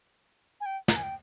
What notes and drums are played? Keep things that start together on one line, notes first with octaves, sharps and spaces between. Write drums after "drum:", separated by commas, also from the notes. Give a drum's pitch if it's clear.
G#5
G5
A#5, drum: snare
G#5
G5